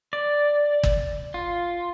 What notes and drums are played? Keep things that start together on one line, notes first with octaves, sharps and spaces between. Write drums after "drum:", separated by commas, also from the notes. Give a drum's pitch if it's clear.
D5
drum: kick G1
F4